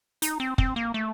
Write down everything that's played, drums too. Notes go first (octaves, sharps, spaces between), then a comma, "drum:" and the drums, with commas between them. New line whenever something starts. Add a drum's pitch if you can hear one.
D#4, drum: hi-hat
C4
C4, drum: kick
A#3
A3